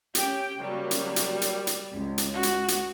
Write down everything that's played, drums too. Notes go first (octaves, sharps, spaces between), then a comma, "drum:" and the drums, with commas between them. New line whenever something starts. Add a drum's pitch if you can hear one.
C#4 G4 G5, drum: hi-hat
C#3 F#3 G3 A#3
drum: hi-hat
drum: hi-hat
drum: hi-hat
drum: hi-hat
C#2
drum: hi-hat
F#4
drum: hi-hat
drum: hi-hat